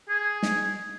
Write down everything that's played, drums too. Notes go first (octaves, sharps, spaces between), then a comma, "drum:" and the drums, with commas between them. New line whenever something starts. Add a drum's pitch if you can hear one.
G#4
drum: snare